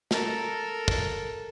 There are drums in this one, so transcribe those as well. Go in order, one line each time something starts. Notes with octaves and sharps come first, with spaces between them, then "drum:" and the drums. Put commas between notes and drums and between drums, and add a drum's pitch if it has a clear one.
A4 A#4, drum: snare
drum: kick